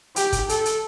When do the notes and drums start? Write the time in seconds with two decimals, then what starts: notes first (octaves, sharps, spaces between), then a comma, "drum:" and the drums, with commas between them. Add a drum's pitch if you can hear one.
0.16 G4, drum: hi-hat
0.32 drum: kick, hi-hat
0.49 A4, drum: hi-hat
0.65 drum: hi-hat